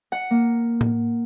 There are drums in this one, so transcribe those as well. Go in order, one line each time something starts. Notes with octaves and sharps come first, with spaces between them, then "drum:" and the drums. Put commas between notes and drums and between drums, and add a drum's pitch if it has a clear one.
F#5
A#3
drum: tom A2